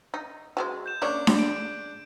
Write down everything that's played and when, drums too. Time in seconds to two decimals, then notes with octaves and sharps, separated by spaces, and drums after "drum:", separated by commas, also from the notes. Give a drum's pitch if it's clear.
0.14 D#4
0.57 F#3 G#3 C5
0.86 G6 E7
1.02 C#3 A#3 D4 C#5
1.27 drum: snare D4
1.39 D7